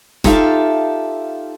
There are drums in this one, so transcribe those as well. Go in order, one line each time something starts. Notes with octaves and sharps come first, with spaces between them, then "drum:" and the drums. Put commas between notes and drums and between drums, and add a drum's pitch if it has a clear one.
D#4 F4 G4 A4 E5 F5, drum: snare E1